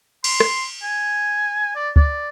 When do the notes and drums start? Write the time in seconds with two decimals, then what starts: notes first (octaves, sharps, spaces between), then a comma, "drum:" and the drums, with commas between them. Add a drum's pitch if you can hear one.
0.24 C6, drum: cymbal
0.40 drum: rim click
0.83 G#5
1.76 D5
1.96 D5, drum: kick